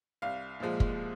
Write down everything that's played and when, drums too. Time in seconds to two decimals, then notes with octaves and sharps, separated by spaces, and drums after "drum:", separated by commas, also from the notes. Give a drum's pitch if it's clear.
0.22 C2 F5
0.60 A#2 F3 G#3
0.80 drum: kick